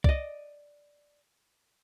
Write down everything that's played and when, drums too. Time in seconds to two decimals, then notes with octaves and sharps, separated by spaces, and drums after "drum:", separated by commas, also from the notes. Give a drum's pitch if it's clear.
0.04 D5 D#5, drum: kick